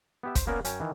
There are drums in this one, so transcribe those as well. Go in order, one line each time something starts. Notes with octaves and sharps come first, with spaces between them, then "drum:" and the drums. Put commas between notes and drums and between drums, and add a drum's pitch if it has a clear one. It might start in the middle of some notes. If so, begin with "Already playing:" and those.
B3 G4 E5
C5, drum: kick, hi-hat
A#3 B3 C#4 A#4 D5
F#2 C#4 G5 G#5 A#5, drum: hi-hat
D#3 E3